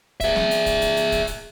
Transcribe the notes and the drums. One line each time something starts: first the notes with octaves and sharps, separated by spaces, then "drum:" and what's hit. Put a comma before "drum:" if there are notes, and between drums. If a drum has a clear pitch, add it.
G#4 E5, drum: kick, hi-hat
drum: snare
drum: hi-hat
drum: kick, hi-hat
drum: hi-hat
drum: hi-hat
drum: kick, hi-hat
drum: hi-hat